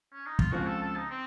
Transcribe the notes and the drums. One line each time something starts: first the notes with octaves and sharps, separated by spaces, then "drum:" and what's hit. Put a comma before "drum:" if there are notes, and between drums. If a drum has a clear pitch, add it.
C#4
D#4
F4, drum: kick
C#2 C#3 F3 C4 F4 F#4
A4
A4
D#4
C4